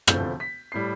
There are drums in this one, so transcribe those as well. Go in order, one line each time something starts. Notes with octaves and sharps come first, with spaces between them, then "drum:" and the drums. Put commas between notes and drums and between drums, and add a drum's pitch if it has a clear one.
E1 D2 C3 F3 A3 G6, drum: rim click
B6
A2 G3 C7